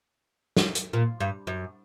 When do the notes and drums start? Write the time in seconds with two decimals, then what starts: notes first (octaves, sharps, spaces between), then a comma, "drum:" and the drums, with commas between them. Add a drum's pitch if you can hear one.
0.57 drum: snare
0.75 drum: hi-hat
0.93 A#2
1.20 G2
1.47 F#2